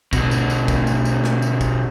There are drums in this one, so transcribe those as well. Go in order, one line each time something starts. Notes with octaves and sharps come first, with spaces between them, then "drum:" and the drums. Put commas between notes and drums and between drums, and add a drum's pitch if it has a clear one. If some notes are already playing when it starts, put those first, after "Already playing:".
B2 D3, drum: kick, tambourine
drum: tambourine
drum: tambourine
drum: kick, tambourine
drum: tambourine
drum: tambourine
drum: snare
drum: tambourine
drum: kick, tambourine